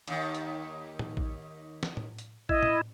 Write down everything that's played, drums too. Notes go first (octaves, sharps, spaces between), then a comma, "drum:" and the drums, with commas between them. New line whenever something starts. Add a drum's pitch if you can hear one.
D#2 D#3, drum: cymbal
drum: hi-hat
drum: tom A2
drum: kick
drum: snare
drum: tom A2
drum: hi-hat
E4 D#5, drum: kick
drum: tom A2